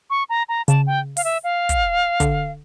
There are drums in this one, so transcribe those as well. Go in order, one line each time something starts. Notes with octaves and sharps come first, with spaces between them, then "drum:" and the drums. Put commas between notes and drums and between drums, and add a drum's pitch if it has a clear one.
C#6
A#5
A#5
C#3 A5, drum: hi-hat
G5
F5, drum: open hi-hat
E5
F5
drum: kick, hi-hat
D3, drum: kick, hi-hat